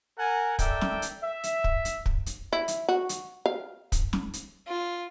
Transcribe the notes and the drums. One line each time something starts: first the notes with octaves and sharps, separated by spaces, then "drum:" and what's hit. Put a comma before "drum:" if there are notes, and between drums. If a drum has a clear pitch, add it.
A#4 F#5 G#5
A4 A#4 D5 E5 G5, drum: kick, hi-hat
drum: snare
drum: hi-hat
E5
drum: hi-hat
drum: kick
drum: hi-hat
drum: kick
drum: hi-hat
E4
drum: hi-hat
F#4
drum: hi-hat
F5
drum: kick, hi-hat
drum: snare
drum: hi-hat
F4